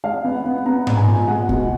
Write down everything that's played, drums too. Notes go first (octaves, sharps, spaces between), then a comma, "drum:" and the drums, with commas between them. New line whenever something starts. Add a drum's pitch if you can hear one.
G#3 F5
B3
F#5
B3
B3 A#5
G#3, drum: tom G#2
G#5
A#2
G#3 F#5
B2, drum: kick C2